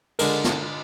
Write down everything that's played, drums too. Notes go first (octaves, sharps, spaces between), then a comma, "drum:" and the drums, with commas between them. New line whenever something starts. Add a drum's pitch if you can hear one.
D3 G#3 A#4, drum: cymbal
drum: snare